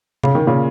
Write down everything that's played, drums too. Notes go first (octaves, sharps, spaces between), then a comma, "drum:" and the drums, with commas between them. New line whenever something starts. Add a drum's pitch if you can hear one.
C#3, drum: tom C3
D#3
A#2 C#3